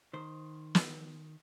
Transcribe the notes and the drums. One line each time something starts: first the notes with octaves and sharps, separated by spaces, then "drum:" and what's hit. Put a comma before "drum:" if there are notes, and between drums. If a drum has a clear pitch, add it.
D#3 C5
drum: snare